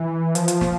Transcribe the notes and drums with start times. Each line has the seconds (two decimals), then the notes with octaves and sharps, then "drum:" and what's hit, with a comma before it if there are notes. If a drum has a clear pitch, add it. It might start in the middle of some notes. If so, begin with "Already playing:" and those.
Already playing: E3
0.35 F3, drum: hi-hat
0.48 drum: hi-hat
0.61 drum: snare